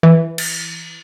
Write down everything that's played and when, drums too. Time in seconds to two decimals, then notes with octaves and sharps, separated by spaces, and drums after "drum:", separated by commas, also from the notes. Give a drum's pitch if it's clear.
0.03 E3
0.38 drum: cymbal